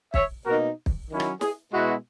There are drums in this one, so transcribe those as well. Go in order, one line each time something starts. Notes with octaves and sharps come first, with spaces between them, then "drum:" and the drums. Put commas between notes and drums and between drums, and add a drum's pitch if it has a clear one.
C#5 E5, drum: kick
B2 A#3 D#4 F#4 A#4
drum: kick
D#3 F#3 C#4 E4
drum: rim click
G#4, drum: snare
B2 G#3 B3 E4 F#4